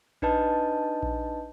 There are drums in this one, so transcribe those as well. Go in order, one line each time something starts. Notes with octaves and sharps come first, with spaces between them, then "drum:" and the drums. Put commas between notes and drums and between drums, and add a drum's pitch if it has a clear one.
D4 D#4 B4 D#5 A5 G6, drum: kick A#1
drum: kick A#1